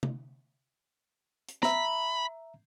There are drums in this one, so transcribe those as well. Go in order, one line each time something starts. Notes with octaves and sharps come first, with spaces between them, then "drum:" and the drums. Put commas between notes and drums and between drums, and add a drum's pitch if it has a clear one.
drum: tom C3
drum: hi-hat
E5 A#5 B5, drum: snare